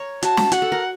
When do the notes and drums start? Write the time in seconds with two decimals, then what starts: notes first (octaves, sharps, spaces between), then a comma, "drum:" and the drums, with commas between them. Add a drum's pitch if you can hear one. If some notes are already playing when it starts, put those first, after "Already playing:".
Already playing: A#4 C#5
0.23 F#4 A5, drum: hi-hat
0.37 drum: snare
0.52 F#4 F#5, drum: hi-hat
0.62 A4
0.72 A#4